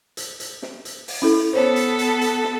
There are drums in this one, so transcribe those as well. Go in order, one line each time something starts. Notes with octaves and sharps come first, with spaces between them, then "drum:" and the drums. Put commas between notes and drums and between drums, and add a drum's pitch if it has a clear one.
drum: hi-hat
drum: hi-hat
drum: snare
drum: hi-hat
drum: open hi-hat
C#4 E4 A4
B3 A4 C5 C#5
drum: hi-hat
drum: hi-hat
drum: hi-hat
drum: snare